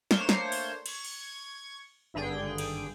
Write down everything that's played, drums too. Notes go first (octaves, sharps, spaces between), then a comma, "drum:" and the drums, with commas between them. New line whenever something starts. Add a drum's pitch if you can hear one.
A3 A#3 D4 C5 C#5, drum: snare
drum: snare
drum: open hi-hat
C#6 G#6, drum: cymbal
drum: cymbal
G#1 G2 D3 G#4 G5
drum: cymbal